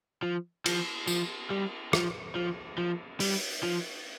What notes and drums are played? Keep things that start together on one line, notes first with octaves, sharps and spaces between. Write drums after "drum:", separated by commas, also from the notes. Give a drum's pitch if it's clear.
F3
F3, drum: cymbal
F3, drum: tambourine
G3
F3, drum: rim click
F3
F3
G3, drum: open hi-hat
F3